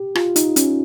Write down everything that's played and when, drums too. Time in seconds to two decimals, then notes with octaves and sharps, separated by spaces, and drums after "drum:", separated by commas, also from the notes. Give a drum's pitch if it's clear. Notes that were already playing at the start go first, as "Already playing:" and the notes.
Already playing: G4
0.15 F4, drum: rim click
0.36 D#4, drum: hi-hat
0.56 C#4, drum: hi-hat